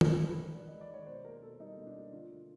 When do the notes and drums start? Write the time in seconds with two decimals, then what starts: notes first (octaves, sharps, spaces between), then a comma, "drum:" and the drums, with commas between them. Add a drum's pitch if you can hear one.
0.01 G#3 A#4, drum: tom
0.19 D#3
0.28 B4
0.37 D#3
0.54 G#3 D5
0.67 D#5
0.72 G#3
0.81 D5
0.89 D#3 C#5
1.07 B2 C5
1.25 A#3 A#4
1.42 B2 A4
1.60 G3 D#4
1.77 B2
1.86 D4
1.95 A#3
2.13 D3 F4
2.30 A3